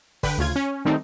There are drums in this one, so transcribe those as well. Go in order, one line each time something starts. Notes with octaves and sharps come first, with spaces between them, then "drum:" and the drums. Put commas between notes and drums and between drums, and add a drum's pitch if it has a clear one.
D3 B4 G5, drum: kick G1, open hi-hat
D2 C#3 F4 G#6
C#4
D#3 G3 A3 C4 D#4